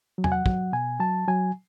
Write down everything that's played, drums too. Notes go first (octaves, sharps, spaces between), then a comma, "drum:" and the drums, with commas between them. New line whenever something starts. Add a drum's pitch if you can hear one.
F#3
G#5, drum: tom E2
F#5
F#3, drum: kick
B2 G#5
F#3 A5
F#3 G#5